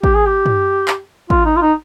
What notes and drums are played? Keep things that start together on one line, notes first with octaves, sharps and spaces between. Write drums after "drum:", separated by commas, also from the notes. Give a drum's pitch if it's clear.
G4, drum: kick
G#4
G4
drum: tom
drum: clap
F4, drum: kick
D#4
F4
D#4